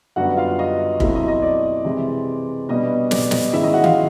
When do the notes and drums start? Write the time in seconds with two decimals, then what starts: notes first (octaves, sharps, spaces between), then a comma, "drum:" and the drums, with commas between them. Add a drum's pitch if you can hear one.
0.16 F#2 D3 G3 B3 F#4 F#5
0.37 F4 F5
0.59 D#5
1.00 B2 F#3 A3 C4 E4 E5, drum: kick F1
1.15 D#5
1.28 D#5
1.42 D5
1.85 C3 E3 G#3 C4
2.69 B2 G3 B3 D4 D#5
3.11 D5, drum: snare
3.31 D#5, drum: snare
3.52 G#2 D#3 G#3 C#4 E4 E5
3.63 D#5
3.73 F#4 F#5
3.84 F4 F5, drum: tom D#3